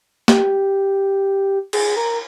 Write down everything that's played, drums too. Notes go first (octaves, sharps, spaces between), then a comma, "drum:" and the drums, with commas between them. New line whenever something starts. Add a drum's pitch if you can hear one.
G4, drum: snare
G#4, drum: cymbal
A#4